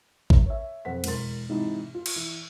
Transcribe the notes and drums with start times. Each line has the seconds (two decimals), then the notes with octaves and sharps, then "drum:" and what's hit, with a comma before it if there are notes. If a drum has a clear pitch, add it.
0.30 drum: kick A1
0.46 C#5 E5
0.85 F2 C5 F#5 B6
1.04 E1 E3 A#4 C6 A6, drum: cymbal
1.49 G#2 C3 E3 D#4 E4
1.94 F4
2.06 drum: cymbal
2.16 E3